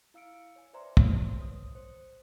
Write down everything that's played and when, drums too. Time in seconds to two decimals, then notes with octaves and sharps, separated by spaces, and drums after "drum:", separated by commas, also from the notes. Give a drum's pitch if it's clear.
0.14 E4 F5 E6 C#7 D7
0.56 C#5 G#5
0.73 B4 C5 D5 E5 A#5 C6
0.97 B4, drum: kick
1.38 C#5 D#6
1.75 C5